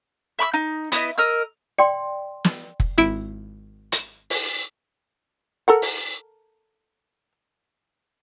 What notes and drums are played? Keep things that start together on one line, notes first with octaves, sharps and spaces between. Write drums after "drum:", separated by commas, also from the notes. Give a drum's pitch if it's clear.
E5 B5 D6 E6
D#4
B3 E4 D#5, drum: hi-hat
A#4 D#5 E6
D5 G5 C6 C#7
drum: snare
drum: kick F1
G#1 E4 D7
drum: hi-hat
drum: open hi-hat
A4 A#4 F#5
drum: open hi-hat